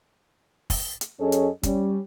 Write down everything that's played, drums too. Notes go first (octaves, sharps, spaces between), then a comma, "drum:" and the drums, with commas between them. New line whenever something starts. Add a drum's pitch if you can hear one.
drum: kick, open hi-hat
drum: hi-hat
F#2 C#4 G#4 A4 C#5 D#5
drum: hi-hat
G3 C#4, drum: kick, hi-hat